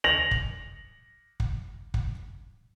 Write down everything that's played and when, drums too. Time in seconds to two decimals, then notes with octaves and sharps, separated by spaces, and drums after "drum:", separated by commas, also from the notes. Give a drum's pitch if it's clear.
0.04 A#6 F7 F#7
0.31 drum: kick
1.40 drum: kick
1.94 drum: kick